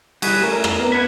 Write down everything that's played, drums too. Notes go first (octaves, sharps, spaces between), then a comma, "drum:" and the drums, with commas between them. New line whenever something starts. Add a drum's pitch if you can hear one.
G3 F#4 G#4 B4, drum: cymbal
A3 C#4 A#4
drum: rim click
B3 A#4
B3 F#5 B5 G#6